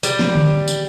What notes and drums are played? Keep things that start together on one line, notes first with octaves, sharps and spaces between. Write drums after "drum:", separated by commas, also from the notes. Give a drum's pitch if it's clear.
G3, drum: tambourine
drum: snare
drum: tom D3
drum: tambourine